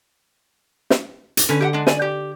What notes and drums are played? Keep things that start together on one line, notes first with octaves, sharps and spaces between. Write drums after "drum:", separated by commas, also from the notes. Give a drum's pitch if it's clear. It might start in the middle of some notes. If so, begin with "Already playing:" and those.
drum: snare
drum: hi-hat
D3 C#4 B4
G4 E5 F#5
G#3 D4
D5 G#5, drum: snare
G4